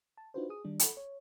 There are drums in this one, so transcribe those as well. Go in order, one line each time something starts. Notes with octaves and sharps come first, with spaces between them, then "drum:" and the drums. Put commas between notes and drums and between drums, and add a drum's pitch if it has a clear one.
A5
D4 D#4 F4 F#4 B4 C5
G#4 D#6
D#3 G3 D4
A4 F#5 B5, drum: hi-hat
C#5